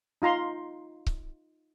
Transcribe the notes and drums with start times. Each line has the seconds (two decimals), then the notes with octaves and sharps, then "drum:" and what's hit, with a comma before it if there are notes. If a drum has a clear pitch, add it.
0.22 D#4 F4 A#5 C6
1.07 drum: kick C#1